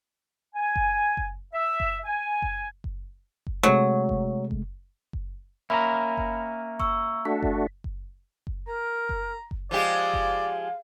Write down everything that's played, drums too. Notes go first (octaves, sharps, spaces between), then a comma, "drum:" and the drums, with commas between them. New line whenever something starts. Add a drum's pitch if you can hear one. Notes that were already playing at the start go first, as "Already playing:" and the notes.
G#5
drum: kick F#1
drum: kick F#1
E5
drum: kick F#1
G#5
drum: kick F#1
drum: kick F#1
drum: kick F#1
C3 F#3 G#3 A3
drum: kick F#1
drum: kick F#1
drum: kick F#1
A#3 C#4 A#4 E5 A#5 B5
drum: kick F#1
C#6 E6, drum: kick F#1
A3 D4 F#4 B6
drum: kick F#1
drum: kick F#1
drum: kick F#1
A#4 A#5
drum: kick F#1
drum: kick F#1
F3 G#3 G4 D5 F5
drum: kick F#1